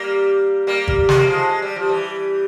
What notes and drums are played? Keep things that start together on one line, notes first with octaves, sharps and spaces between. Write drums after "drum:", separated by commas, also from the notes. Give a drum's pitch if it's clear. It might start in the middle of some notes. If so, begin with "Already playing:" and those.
Already playing: G3 A#3
G3 A#3
drum: kick G#1
G#3, drum: snare
A#3
F3 G#3
G#3
G3
F3
E3 G3